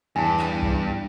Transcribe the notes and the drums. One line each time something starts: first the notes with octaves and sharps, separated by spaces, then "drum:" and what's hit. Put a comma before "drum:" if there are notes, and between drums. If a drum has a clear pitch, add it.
E2 G2 G#5 A5
drum: clap
drum: kick B1